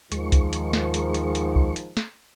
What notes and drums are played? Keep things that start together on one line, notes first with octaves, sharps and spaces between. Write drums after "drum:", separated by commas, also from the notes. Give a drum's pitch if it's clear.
D#2 G#2 D#3 F3 G#3 C#6, drum: hi-hat
drum: kick C2, hi-hat
drum: hi-hat
drum: snare
drum: hi-hat
drum: hi-hat
drum: hi-hat
drum: kick C2
drum: hi-hat
drum: snare